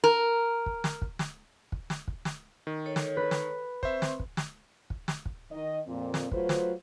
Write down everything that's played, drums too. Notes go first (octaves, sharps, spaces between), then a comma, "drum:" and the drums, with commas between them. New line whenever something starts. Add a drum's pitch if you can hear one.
A#4
drum: kick
drum: snare
drum: kick
drum: snare
drum: kick
drum: snare
drum: kick
drum: snare
D#3
A4 C#5
drum: snare
B4
drum: snare
C4 C5 E5 C6 C#6, drum: kick
drum: snare
drum: kick
drum: snare
drum: kick
drum: snare
drum: kick
D#3 D#5
F2 A#2 C4
drum: snare
F#3 A3 F4 B4 C5, drum: kick
drum: snare